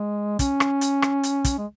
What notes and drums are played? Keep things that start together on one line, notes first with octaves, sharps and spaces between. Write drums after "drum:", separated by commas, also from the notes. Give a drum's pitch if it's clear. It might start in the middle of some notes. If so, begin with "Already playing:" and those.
Already playing: G#3
C#4, drum: kick, hi-hat
drum: rim click
drum: hi-hat
drum: rim click
drum: hi-hat
drum: kick, hi-hat
G#3